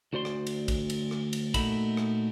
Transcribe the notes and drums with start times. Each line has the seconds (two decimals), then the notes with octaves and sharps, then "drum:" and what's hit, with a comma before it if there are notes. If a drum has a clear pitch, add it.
0.13 D2 F#4 C5 D5 C6
0.25 drum: rim click
0.47 drum: cymbal
0.68 drum: kick, cymbal
0.90 drum: cymbal
1.11 drum: rim click
1.33 drum: cymbal
1.54 A#2 A3 D#4 F#4 E5 B5, drum: kick, cymbal
1.97 drum: rim click